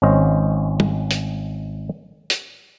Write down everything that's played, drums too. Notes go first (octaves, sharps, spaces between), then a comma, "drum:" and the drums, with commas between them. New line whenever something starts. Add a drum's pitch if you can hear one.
G#1 C#4 C5 D#5
drum: tom
drum: hi-hat
drum: hi-hat